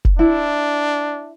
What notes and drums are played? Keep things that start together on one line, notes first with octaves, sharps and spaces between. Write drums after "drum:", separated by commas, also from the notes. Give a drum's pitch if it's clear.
drum: kick F1
D4 E4